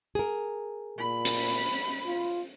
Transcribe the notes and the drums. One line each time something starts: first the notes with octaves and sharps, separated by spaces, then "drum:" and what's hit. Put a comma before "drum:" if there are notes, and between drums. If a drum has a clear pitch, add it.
G#4 A#4
A#2 B5
drum: hi-hat
F4